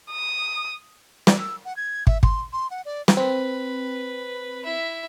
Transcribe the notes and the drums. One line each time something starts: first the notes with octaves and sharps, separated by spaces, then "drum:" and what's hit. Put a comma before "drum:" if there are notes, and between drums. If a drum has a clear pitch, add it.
D#6
D5, drum: snare
E6
F#5
G#6
E5, drum: kick
C6, drum: kick
C6
F#5
D5
drum: snare
C4 B4
E4 E5